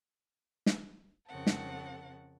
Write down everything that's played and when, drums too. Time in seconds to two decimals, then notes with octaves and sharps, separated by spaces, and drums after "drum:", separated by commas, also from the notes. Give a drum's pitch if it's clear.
0.66 drum: snare
1.27 F2 C#3 C4 A#4 F#5 A5
1.47 drum: snare